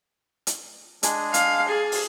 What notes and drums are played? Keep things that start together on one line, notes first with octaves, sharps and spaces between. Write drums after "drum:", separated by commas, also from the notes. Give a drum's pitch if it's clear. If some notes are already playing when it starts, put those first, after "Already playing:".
drum: hi-hat
G#3 D4 G#4, drum: hi-hat
F5, drum: hi-hat
G#4 D5
drum: open hi-hat